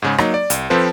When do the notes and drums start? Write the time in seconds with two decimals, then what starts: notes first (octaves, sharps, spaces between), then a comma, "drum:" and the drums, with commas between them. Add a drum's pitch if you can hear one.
0.02 G#2 C#3 G#3
0.18 F#3 A#3 D#4, drum: rim click
0.34 D5
0.50 C2, drum: hi-hat
0.70 F3 C4 A4 B4 C5